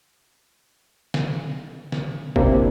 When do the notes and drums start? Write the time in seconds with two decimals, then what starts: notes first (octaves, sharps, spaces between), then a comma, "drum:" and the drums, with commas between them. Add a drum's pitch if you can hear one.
1.14 drum: snare
1.92 drum: snare
2.36 C3 A#3 D4 E4, drum: kick